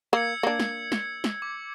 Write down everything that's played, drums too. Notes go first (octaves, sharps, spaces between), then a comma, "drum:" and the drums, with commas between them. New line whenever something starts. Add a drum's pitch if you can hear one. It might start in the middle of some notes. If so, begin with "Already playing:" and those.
A#3 E6 G#6 C#7
A#3 D4
drum: snare
drum: snare
drum: snare
D6